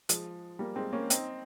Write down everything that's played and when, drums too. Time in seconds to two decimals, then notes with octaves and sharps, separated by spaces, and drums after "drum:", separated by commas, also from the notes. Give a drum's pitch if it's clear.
0.09 F3 G#3, drum: hi-hat
0.59 G3 A#3
0.76 G#3 C4
0.93 A#3 C#4
1.10 C4 D#4, drum: hi-hat